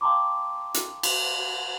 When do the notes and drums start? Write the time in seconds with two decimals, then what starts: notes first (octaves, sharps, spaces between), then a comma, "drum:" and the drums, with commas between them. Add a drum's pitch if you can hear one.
0.01 F5 G5 A5 A#5 C6 D6
0.74 drum: hi-hat
1.03 drum: cymbal